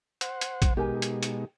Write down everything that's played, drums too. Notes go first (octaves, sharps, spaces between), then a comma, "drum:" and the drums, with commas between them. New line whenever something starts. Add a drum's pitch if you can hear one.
C5 F#5, drum: hi-hat
drum: hi-hat
drum: kick, hi-hat
B2 G#3 D#4 G4 A#4 G#5
drum: hi-hat
drum: hi-hat